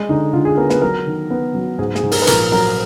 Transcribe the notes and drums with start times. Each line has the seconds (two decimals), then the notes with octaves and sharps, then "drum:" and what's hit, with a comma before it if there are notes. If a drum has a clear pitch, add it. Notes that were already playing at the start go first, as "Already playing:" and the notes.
Already playing: G#3
0.09 D3 D#4
0.33 D3 F4
0.45 G#4
0.58 B3 A#4
0.70 B4, drum: snare
0.82 F#3 A#4
1.07 D#3
1.30 B3
1.55 F#3
1.79 G#2 G#4
1.95 G#4, drum: snare
2.03 G#2
2.11 A#4, drum: open hi-hat
2.22 B4
2.27 A#1 A#4, drum: hi-hat
2.52 F#3 A#4